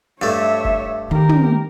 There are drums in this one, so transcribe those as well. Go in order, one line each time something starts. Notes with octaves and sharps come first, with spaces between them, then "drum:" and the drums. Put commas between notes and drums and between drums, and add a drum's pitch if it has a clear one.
G2 A3 C#5 E5
drum: kick
D#3 G4 A#4
drum: tom